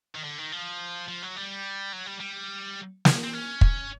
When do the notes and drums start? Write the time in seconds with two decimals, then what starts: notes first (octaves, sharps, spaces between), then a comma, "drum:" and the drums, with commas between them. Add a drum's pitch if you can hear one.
0.15 D#3
0.24 D3
0.38 D#3
0.52 F3
1.08 F3
1.22 F#3
1.36 G3
1.93 F#3
2.06 G3
2.20 G3
3.05 drum: snare
3.24 C4
3.33 C#4
3.61 drum: kick